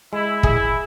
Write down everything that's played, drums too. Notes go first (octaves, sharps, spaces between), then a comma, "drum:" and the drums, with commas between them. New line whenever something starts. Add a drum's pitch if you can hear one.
G#3 E4
E4 G#4, drum: kick